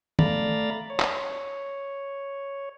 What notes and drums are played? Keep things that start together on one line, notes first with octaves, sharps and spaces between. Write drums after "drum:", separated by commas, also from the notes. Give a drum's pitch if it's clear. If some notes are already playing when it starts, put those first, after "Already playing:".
A3 D5 F5 A#5 B5 A6, drum: tom
C#5
drum: clap